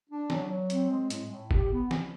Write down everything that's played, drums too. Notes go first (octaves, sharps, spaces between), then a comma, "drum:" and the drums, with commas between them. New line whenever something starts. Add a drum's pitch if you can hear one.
D4
F#3, drum: snare
F#3
C4, drum: hi-hat
G#3
A2, drum: hi-hat
A2
G4, drum: kick
B3
F3, drum: snare